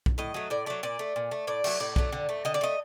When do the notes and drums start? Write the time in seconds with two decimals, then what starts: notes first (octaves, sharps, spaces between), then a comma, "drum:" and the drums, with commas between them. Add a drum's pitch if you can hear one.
0.06 drum: kick B1
0.18 A2 D#5
0.34 F#3 A3
0.50 A2 D5
0.66 F#3 A3 D5
0.83 A#2 D5
0.99 A3
1.16 A#2
1.31 A3
1.47 A2 D5
1.64 F#3 A3, drum: cymbal
1.80 A2 D5
1.96 F#3 A3, drum: kick B1
2.12 D3
2.29 A3
2.45 D3 D#5
2.54 D5
2.61 A3 D#5